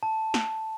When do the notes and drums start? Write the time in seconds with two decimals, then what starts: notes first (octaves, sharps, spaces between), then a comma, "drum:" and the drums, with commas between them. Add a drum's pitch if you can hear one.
0.03 A5
0.34 drum: snare